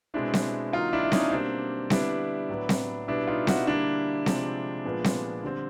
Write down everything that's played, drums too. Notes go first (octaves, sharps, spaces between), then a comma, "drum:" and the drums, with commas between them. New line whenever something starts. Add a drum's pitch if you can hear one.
B2 G#3 C4 D4 E4
drum: snare C4
D3 F#3 A#3 D#4 F4
D4 E4
E4
C#4 D#4, drum: snare C4
B2 G3 A#3 C4 D4
D3 G3 B3 D4 E4, drum: snare C4
A2 F#3 B3
drum: snare C4
B2 G3 B3 D4 E4
D#4 F4
E4 F#4, drum: snare C4
D3 G3 A#3 D4 E4
C3 F3 G#3 C4, drum: snare C4
A#2 F3 G#3 B3
drum: snare C4
D3 G3 C4